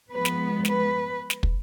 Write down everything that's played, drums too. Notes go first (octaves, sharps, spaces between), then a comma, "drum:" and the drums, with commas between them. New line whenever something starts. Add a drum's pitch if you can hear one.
F3 G#3 B3 B4
drum: snare
B4, drum: snare
drum: snare
drum: kick